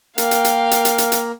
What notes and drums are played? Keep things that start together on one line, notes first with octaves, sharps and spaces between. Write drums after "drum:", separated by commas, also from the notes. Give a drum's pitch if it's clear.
A#3 A#4 F5 G5, drum: hi-hat
drum: hi-hat
drum: hi-hat
drum: hi-hat
drum: hi-hat
drum: hi-hat
drum: hi-hat